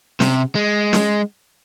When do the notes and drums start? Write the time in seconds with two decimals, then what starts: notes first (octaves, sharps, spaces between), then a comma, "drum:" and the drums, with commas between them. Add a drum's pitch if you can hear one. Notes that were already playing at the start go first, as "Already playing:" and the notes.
0.20 C3, drum: snare
0.55 G#3
0.93 drum: snare